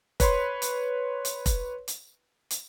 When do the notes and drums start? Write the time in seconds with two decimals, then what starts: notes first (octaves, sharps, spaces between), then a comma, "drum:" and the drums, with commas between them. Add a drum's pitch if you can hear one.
0.20 B4 C#5 B5 C6, drum: kick F1, hi-hat
0.62 drum: hi-hat
1.25 drum: hi-hat
1.46 drum: kick F1, hi-hat
1.88 drum: hi-hat
2.51 drum: hi-hat